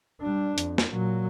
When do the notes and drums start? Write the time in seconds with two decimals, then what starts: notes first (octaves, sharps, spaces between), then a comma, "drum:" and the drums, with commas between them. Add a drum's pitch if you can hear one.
0.21 G3 D4
0.58 F2, drum: hi-hat
0.78 drum: snare
0.91 A#2 F#3